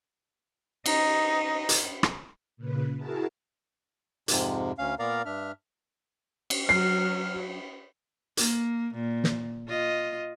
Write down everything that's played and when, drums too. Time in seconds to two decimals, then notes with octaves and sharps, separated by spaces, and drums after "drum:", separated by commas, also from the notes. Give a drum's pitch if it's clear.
0.86 D#4, drum: cymbal
1.69 drum: hi-hat
2.03 drum: rim click
2.57 A#2 C#3 B4
2.97 E4 F#4 G#4 A#4 A5
4.28 F2 G#2 C3, drum: hi-hat
4.78 D2 C#4 F5
4.99 A#2 B3 A#4 D5 F5 A#5
5.25 G2 D4 E5 F6
6.50 drum: cymbal
6.69 F#3 F6 C7
8.37 A#3, drum: hi-hat
8.94 A#2
9.24 drum: snare
9.68 F4 D#5